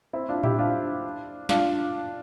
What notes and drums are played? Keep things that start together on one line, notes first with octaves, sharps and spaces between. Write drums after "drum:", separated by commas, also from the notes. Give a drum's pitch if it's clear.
C4 E4
D4 F4
E4 G4, drum: tom A2
D4 F4
D4 F4, drum: snare